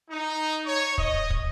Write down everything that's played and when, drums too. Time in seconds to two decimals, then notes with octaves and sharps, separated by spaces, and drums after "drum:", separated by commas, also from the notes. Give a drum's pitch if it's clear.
0.10 D#4
0.66 C#5
0.98 D#5, drum: kick
1.30 drum: kick